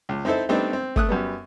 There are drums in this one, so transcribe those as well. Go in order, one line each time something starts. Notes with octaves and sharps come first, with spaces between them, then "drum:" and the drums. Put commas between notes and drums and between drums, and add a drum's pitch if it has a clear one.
C#2
C4 D#4 E4 A4 C5
G3 A3 B3 C4 D4 D#4
C4
A3 D#6 F#6, drum: kick
F#2 G3 B3